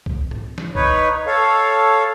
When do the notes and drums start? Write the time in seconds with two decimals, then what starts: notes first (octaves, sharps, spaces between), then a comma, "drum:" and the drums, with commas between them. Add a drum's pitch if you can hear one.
0.06 drum: kick C2
0.31 drum: tom
0.58 drum: snare
0.75 D#4 B4 C#5, drum: kick C2
1.27 A4 C#5 F5